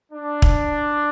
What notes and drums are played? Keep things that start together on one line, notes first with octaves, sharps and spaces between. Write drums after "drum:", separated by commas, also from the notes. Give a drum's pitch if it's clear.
D4
drum: kick